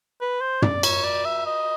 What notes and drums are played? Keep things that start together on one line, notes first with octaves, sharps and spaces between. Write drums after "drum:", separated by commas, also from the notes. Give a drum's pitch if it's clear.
B4
C5
D5, drum: tom
C#5, drum: cymbal
D5
E5
D#5